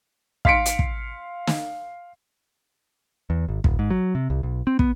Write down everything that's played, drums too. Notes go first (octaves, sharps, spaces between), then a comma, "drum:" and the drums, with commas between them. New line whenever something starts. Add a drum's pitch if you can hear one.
F5 C6 B6 C#7 D7, drum: kick
drum: hi-hat
drum: kick
drum: snare
E2
G#1
D#1, drum: kick
G#2
F#3
C3
C2
B1
C4
B3, drum: kick